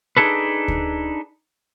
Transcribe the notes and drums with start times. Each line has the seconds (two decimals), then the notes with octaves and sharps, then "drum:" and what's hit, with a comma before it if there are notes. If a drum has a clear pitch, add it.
0.17 D4 D#4 G#4 A4 B4
0.68 drum: kick D2